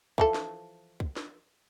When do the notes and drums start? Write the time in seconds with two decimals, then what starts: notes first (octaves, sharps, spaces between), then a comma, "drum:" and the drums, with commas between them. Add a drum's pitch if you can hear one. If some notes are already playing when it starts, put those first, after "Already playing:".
0.18 E3 F3 A4, drum: kick
0.34 drum: snare
1.00 drum: kick
1.17 drum: snare